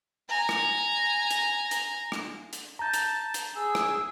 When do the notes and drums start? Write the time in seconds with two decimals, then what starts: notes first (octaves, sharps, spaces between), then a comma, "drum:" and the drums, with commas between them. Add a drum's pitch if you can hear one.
0.29 G#5 A#5
0.49 drum: rim click
1.30 drum: hi-hat
1.71 drum: hi-hat
2.12 drum: rim click
2.53 drum: hi-hat
2.79 A5 A#5 G6
2.93 drum: hi-hat
3.34 drum: hi-hat
3.56 G#4 G#5 E6
3.75 drum: rim click